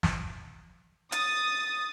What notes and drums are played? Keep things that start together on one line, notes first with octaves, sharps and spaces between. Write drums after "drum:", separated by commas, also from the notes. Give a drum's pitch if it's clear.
drum: snare
D#6 A6, drum: hi-hat